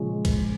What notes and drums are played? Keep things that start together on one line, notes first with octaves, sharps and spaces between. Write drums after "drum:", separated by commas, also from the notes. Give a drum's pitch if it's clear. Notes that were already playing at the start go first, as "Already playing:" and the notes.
Already playing: A#2 C#3 F3 G#3 C#4
drum: kick, cymbal